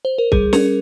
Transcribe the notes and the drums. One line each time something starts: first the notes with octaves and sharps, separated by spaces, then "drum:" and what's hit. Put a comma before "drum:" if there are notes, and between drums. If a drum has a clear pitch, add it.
C5
A#4
G3 G#4, drum: kick C2
C#4 A#4, drum: snare